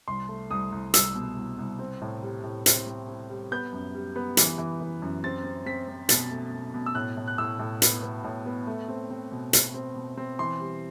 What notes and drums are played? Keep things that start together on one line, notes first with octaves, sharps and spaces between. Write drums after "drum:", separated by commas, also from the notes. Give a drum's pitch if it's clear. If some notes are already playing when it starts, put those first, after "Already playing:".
C2 C6
A3
C2 D#6
C2
C2 E6, drum: hi-hat
B2
C2
C2
C4
A2
G3
A2
C4, drum: hi-hat
C4
C4
G3
B3 G6
F#2
G3
B3
E3, drum: hi-hat
E3
E3
F#2
C4 A6
C4
C4 B6
C4
B2 A6, drum: hi-hat
A3
B2
B2
E6
A2 F#6
A2
F#6
A2 E6
A2
B3, drum: hi-hat
B3
A2
B3
A3
C4
C4
B2
B2, drum: hi-hat
C4
B2
C4
E3 C6
G3